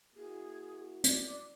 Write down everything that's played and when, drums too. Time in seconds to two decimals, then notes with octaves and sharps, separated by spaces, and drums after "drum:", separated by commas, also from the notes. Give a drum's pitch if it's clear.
0.16 A#3 E4 F#4 G#4
1.04 D5, drum: hi-hat